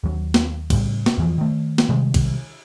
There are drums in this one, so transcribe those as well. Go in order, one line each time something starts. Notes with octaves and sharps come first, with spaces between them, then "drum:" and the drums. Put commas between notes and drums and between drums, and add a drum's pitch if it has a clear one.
D#2 F#3
drum: snare
A2 C#3 G3, drum: kick, cymbal
drum: snare
E2 E3 F3
D#3 A3
drum: snare
C3 D#3 G3 G#3
drum: kick, cymbal